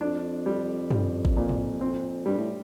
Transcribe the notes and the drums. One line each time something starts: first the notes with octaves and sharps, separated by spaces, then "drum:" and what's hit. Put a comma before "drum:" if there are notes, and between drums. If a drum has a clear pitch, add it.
F2 D4
G3
G3, drum: tom
drum: kick G#1
A#2
drum: tom G#2
F2 C4
G2 G3
A2